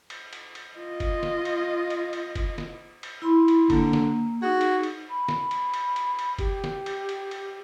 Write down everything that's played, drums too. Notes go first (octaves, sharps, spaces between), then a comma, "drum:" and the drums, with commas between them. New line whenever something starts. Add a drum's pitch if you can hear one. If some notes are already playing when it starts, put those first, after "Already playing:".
drum: cymbal
drum: cymbal
drum: cymbal
F4 D#5
drum: kick, cymbal
drum: snare
drum: cymbal
drum: cymbal
drum: cymbal
drum: kick, cymbal
drum: snare
drum: cymbal
E4 B5 C6
drum: cymbal
D3 A#3, drum: kick, cymbal
drum: snare
D#4 F#4 G#4
drum: cymbal
drum: cymbal
B5
drum: snare
drum: cymbal
drum: cymbal
drum: cymbal
drum: cymbal
G4, drum: kick, cymbal
drum: snare
drum: cymbal
drum: cymbal
drum: cymbal